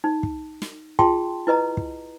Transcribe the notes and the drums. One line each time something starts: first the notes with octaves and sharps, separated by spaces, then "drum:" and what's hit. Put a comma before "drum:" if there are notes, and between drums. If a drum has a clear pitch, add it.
D#4
drum: kick
drum: snare
F4 G#4 G5 A5 C6, drum: kick
E4 B4 D#5 A#5
drum: kick